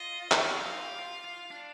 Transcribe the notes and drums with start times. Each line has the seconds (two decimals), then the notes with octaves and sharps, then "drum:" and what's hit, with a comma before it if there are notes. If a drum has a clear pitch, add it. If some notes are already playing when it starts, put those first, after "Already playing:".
Already playing: F4 D#5
0.32 drum: clap
0.46 F4 F5
0.60 D#4
0.73 F4
0.86 G4
0.99 F4
1.25 F4
1.51 D4